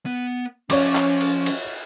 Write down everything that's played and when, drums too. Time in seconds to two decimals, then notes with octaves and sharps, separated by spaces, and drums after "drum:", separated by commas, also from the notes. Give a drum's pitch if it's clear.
0.06 B3
0.70 F3 C#4 C#5 F5 C#6 D6, drum: cymbal
0.95 drum: clap
1.21 drum: cymbal
1.46 drum: cymbal